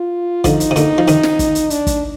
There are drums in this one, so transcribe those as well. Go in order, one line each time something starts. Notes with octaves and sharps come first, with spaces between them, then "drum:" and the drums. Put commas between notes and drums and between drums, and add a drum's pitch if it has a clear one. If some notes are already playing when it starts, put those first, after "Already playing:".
Already playing: F4
D3 F3 D#4, drum: kick, hi-hat
drum: hi-hat
C3
A#2 D3, drum: hi-hat
F3
C3 D#3, drum: hi-hat
drum: snare
drum: kick, hi-hat
drum: hi-hat
D4, drum: hi-hat
drum: kick, hi-hat